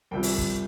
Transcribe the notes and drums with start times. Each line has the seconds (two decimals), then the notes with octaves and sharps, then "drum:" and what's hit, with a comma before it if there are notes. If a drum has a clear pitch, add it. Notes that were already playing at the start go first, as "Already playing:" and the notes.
0.11 C2 C3 F3 G5
0.23 drum: open hi-hat
0.38 drum: kick